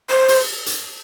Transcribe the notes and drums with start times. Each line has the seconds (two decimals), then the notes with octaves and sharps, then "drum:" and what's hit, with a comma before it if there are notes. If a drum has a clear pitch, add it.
0.10 C5
0.28 drum: open hi-hat
0.66 drum: hi-hat